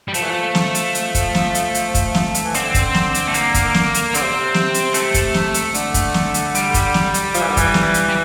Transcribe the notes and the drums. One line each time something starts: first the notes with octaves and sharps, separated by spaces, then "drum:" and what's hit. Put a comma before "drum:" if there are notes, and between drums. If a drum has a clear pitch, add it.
G3
F3 A3, drum: hi-hat
E3
F3
drum: snare
drum: hi-hat
drum: hi-hat
drum: kick, hi-hat
drum: snare
drum: hi-hat
drum: hi-hat
drum: kick, hi-hat
drum: snare
drum: hi-hat
E3
D3 C4, drum: hi-hat
drum: kick, hi-hat
drum: snare
drum: hi-hat
A3
A#3, drum: hi-hat
drum: kick, hi-hat
drum: snare
drum: hi-hat
D3 C4, drum: hi-hat
C3
C3
drum: snare
drum: hi-hat
A3, drum: hi-hat
drum: kick, hi-hat
drum: snare
drum: hi-hat
D3, drum: hi-hat
drum: kick, hi-hat
drum: snare
drum: hi-hat
G3, drum: hi-hat
drum: kick, hi-hat
drum: snare
drum: hi-hat
F3, drum: hi-hat
E3
D3
E3, drum: kick, hi-hat
drum: snare
drum: hi-hat
G3